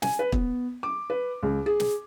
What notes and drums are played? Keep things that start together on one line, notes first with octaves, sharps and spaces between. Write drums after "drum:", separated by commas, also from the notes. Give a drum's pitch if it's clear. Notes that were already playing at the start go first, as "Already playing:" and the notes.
G#5, drum: snare
B4
B3, drum: kick
D6
B4
C#2
G#4
drum: snare